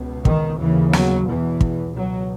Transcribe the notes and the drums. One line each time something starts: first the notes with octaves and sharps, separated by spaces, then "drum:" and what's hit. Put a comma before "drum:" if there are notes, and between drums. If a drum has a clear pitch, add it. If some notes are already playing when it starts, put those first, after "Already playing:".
Already playing: C#2 B2
D#3, drum: kick
D#2 C#3 E3
F#3, drum: snare
E2 B2 E3
drum: kick
C#2 B2 F#3